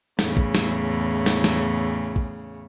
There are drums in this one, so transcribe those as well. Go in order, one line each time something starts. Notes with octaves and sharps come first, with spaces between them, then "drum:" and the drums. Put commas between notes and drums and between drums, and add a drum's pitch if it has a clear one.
E2 A2 C#3, drum: snare
drum: kick
drum: snare
drum: snare
drum: snare
drum: kick